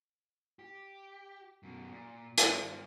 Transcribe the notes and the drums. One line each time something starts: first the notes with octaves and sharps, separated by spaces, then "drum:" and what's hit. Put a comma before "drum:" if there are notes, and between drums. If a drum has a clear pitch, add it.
G4
F#2 B2
A#2
G2 F4, drum: hi-hat